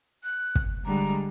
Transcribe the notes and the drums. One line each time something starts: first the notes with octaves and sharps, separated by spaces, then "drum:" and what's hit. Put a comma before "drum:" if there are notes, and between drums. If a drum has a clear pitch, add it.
F#6
drum: kick
D3 G3 G#3 A#5